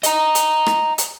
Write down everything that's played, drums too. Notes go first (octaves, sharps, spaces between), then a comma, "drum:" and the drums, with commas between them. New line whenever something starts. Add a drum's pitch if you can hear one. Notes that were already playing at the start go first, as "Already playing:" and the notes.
D#5 A#5, drum: hi-hat
drum: hi-hat
drum: rim click
drum: hi-hat